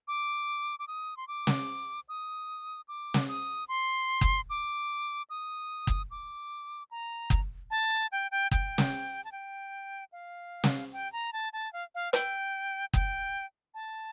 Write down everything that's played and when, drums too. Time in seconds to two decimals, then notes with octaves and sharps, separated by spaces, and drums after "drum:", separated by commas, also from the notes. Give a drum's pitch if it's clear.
0.08 D6
0.79 D6
0.88 D#6
1.17 C6
1.28 D6
1.47 drum: snare
2.09 D#6
2.88 D6
3.14 drum: snare
3.28 D#6
3.69 C6
4.21 drum: kick F#1
4.50 D6
5.30 D#6
5.87 drum: kick F#1
6.11 D6
6.91 A#5
7.30 drum: kick F#1
7.71 A5
8.12 G5
8.31 G5
8.51 G5, drum: kick F#1
8.78 drum: snare
9.24 A5
9.32 G5
10.12 F5
10.64 drum: snare
10.93 G5
11.13 A#5
11.33 A5
11.53 A5
11.73 F5
11.95 F5
12.13 G5, drum: hi-hat
12.93 G5, drum: kick F#1
13.74 A5